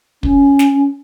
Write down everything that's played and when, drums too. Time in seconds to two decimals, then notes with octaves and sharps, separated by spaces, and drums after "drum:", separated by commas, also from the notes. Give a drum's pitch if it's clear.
0.23 C#4, drum: kick
0.59 drum: snare